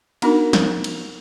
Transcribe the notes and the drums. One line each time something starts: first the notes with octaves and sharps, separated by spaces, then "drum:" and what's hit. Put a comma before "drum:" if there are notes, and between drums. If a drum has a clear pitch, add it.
B3 D4 D#4 F#4 A#4, drum: cymbal
drum: snare
drum: cymbal